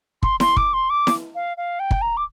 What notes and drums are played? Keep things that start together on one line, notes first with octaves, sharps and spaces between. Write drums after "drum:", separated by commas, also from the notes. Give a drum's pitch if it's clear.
C6, drum: kick
C6, drum: snare E4
D6, drum: kick
C6
D6
drum: snare E4
F5
F5
G5
drum: kick
A#5
D6